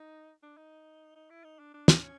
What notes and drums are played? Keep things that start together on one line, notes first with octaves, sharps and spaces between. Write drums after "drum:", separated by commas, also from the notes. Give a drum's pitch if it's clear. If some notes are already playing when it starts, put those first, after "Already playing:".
Already playing: D#4
D4
D#4
D#4
E4
D#4
D4
D4
D4, drum: snare
C#4